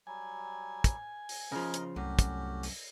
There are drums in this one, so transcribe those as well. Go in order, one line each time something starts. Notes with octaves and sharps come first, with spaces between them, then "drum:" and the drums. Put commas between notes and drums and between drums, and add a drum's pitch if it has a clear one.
F#3 G3 G#5
drum: kick, hi-hat
drum: open hi-hat
C#3 F3 A#4 D#5
drum: hi-hat
C2 F#2 A3 C#4 F#4 G4
drum: kick, hi-hat
drum: open hi-hat